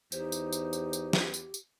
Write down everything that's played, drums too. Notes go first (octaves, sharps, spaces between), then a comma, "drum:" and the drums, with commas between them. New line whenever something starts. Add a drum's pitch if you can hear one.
E2 D#4 G4 C5, drum: tambourine
drum: tambourine
drum: tambourine
drum: tambourine
drum: tambourine
drum: snare
drum: tambourine
drum: tambourine